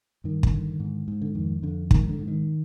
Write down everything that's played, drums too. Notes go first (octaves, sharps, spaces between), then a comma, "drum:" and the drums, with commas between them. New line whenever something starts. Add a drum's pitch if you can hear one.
G2 D#3
drum: kick
D3
G#2
G#2
D3
F2 D#3
F2 D3
G#2 D#3, drum: kick
D3
G#2
D#3